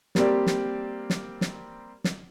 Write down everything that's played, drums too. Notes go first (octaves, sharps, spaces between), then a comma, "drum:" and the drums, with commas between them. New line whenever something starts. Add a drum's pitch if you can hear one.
G3 A#3 C4 G4 D5, drum: snare
drum: snare
drum: snare
drum: snare
drum: snare